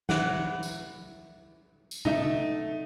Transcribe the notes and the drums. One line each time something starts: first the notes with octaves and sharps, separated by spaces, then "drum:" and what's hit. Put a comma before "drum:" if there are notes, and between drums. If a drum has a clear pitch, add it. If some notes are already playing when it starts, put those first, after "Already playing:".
E3 F#5, drum: snare
drum: tambourine
drum: tambourine
F#2 A3 D#4 E5, drum: tom C3